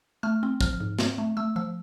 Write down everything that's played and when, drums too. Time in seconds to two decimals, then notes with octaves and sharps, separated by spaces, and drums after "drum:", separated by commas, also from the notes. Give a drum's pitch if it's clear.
0.23 A3 F6
0.43 C4
0.61 F3 F6, drum: kick
0.80 G#2
0.99 C4, drum: snare
1.18 A3
1.37 A3 E6
1.56 F3 E6